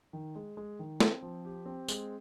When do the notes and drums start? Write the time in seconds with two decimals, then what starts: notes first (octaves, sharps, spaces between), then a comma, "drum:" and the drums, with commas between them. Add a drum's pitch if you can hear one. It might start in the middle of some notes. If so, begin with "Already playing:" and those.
0.13 D#3
0.35 G#3
0.57 G#3
0.79 D#3
1.00 C4, drum: snare
1.22 F3
1.45 G4
1.66 C4
1.88 G#3, drum: tambourine